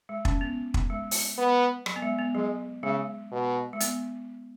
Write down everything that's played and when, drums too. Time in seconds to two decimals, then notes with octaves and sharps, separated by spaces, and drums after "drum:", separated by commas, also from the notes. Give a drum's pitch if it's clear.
0.09 G#3
0.25 C#4, drum: kick
0.41 B3
0.74 drum: kick
0.90 G#3
1.11 drum: open hi-hat
1.38 B3
1.86 F#3, drum: rim click
1.96 B3
2.02 G#3
2.18 B3
2.35 F#3 G#3
2.83 C#3 G#3
3.32 B2
3.73 G#3
3.80 B3, drum: hi-hat